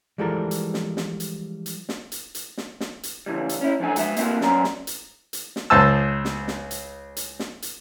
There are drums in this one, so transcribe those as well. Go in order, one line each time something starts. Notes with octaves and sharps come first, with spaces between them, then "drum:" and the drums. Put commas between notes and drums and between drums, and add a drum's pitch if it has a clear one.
E3 F3 G3 G#3 A4 A#4
drum: hi-hat
drum: snare
drum: snare
drum: hi-hat
drum: hi-hat
drum: snare
drum: hi-hat
drum: hi-hat
drum: snare
drum: snare
drum: hi-hat
C#3 E3 G3
drum: hi-hat
C#4 E4
F3 F#3 D4 A4 G#5
G#3 F#4 E5, drum: hi-hat
A#3 C4 D#4 E4 F#4 A#4, drum: hi-hat
F#3 C#4 D5 A#5, drum: snare
drum: snare
drum: hi-hat
drum: hi-hat
drum: snare
C#2 C5 A5 E6
drum: snare
drum: snare
drum: hi-hat
drum: hi-hat
drum: snare
drum: hi-hat